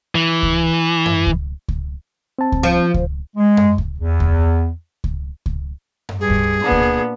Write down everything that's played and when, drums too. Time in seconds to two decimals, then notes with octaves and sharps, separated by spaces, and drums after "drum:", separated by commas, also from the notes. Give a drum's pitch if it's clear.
0.15 E3
0.43 drum: kick C#2
1.06 drum: tom F#2
1.27 drum: kick C#2
1.69 drum: kick C#2
2.39 C4 A5
2.52 drum: kick C#2
2.63 F3
2.94 drum: kick C#2
3.36 G#3
3.57 drum: tom F#2
3.78 drum: kick C#2
3.98 E2
4.20 drum: kick C#2
5.04 drum: kick C#2
5.46 drum: kick C#2
6.09 drum: tom F#2
6.20 G2 G#4
6.30 drum: kick C#2
6.62 A#2 B3 D4
6.72 drum: kick C#2